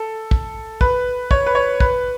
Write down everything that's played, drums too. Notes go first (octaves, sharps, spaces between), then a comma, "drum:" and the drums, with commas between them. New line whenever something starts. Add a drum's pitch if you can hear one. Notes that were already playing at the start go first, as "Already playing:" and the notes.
Already playing: A4
drum: kick
B4, drum: kick
C#5, drum: kick
B4
C#5
B4, drum: kick